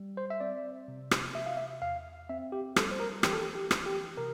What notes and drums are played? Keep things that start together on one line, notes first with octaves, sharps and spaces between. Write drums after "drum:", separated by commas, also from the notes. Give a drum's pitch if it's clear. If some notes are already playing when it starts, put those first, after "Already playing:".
Already playing: G3
C5
E5
C4 D5
C3
drum: rim click
C3 E5
F5
E5
E2 F5
C4 E5
G4
G3 A4, drum: rim click
C5
A#4
E3 G4, drum: rim click
A4
G4
G4
E3, drum: rim click
G4
C3 A#4